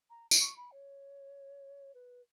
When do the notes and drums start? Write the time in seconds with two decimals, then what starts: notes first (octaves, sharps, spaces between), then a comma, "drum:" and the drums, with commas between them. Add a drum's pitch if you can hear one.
0.10 A#5
0.31 drum: tambourine
0.40 C#6
0.56 B5
0.71 C#5
1.94 B4